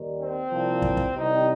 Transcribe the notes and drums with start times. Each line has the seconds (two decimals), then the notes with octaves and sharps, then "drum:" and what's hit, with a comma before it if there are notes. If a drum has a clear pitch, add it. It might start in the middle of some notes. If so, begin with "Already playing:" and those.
Already playing: D#2 D#3 G3
0.19 C4
0.51 C2 A#2 F3
0.82 drum: kick
0.97 drum: kick
1.15 C2 C3 D#3 G3 D#4